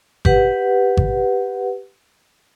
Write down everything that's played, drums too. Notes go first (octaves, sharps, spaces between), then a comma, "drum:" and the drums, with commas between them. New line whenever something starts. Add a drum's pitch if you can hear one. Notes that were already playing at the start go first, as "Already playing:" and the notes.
G4 B4 F#5, drum: kick G#1
drum: kick G#1